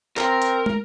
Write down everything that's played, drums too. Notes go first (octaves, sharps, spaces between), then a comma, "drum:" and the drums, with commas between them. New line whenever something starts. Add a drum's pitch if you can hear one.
C4 A#4, drum: clap
drum: hi-hat
drum: tom